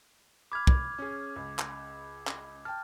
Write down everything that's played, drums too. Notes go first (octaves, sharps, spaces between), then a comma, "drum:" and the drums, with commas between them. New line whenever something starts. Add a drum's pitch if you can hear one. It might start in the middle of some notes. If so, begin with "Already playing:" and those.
B5 D6 F6 G#6
drum: kick
C#4 G#4
C#2
drum: clap
drum: clap
G5 A5 F6